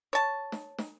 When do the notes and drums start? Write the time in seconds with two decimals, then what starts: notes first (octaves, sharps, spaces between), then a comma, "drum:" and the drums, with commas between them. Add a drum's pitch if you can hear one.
0.13 C#5 A5
0.52 drum: snare
0.78 drum: snare